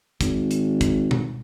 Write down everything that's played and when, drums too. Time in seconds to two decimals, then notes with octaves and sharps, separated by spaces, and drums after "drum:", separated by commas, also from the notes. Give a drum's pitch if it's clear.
0.21 G#1, drum: kick, hi-hat
0.51 drum: hi-hat
0.81 drum: kick, hi-hat
1.11 drum: tom B2